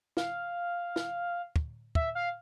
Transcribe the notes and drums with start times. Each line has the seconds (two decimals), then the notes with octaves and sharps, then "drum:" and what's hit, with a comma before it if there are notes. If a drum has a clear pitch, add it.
0.17 F5, drum: snare
0.96 drum: snare
1.56 drum: kick
1.95 E5, drum: kick
2.15 F5